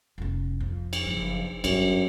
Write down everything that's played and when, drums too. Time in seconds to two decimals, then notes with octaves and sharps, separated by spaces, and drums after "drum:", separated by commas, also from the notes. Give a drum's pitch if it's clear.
0.18 F1 C#4
0.60 F2
0.93 drum: cymbal
1.06 F#1 F3
1.64 G1 F#2 G#3, drum: cymbal